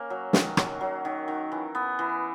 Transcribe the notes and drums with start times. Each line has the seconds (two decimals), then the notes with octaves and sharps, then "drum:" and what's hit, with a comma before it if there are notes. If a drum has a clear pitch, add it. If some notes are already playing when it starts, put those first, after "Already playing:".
Already playing: A#3 C#4
0.10 F#3
0.33 D#3, drum: snare
0.57 F#3, drum: rim click
0.81 F#3
1.05 D#3
1.28 D#3
1.52 E3
1.75 B3
1.99 E3